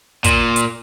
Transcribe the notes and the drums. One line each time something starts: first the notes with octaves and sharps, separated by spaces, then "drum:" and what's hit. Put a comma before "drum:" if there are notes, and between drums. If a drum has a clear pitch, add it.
A#2, drum: kick, hi-hat
drum: hi-hat